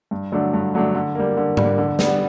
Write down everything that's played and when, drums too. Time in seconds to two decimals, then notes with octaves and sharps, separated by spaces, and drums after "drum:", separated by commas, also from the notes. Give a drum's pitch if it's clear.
0.11 G2
0.32 D3 F#3 A3 D4
0.54 G2
0.74 D3 F#3 A3 D4
0.94 D3
1.15 G3 A#3
1.37 D3
1.57 G3 A#3, drum: tom G#2
1.78 D3
1.99 G3 B3, drum: snare